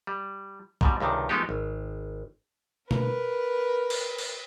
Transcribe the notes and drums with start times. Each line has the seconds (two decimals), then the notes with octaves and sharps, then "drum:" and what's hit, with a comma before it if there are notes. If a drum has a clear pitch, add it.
0.07 G3
0.81 G#2 B2 G3, drum: kick B1
1.00 C#2 G2 C3 D#3
1.29 F3 G#3 A3 B3 D#4 G4
1.49 G#1
2.91 A#4 B4, drum: tom B2
3.90 drum: cymbal
4.18 drum: cymbal